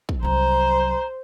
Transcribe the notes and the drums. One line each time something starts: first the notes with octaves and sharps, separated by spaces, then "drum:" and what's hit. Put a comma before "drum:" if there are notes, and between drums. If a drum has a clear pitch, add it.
drum: kick
C2 F#3 C5 A#5